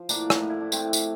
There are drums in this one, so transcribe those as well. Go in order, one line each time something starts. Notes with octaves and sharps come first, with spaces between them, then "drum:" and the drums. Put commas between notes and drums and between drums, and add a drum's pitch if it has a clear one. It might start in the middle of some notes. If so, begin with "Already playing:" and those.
Already playing: F3
A2 A#3 D4, drum: tambourine
drum: rim click
A2
E4
D4
A2 A3 C4, drum: tambourine
drum: tambourine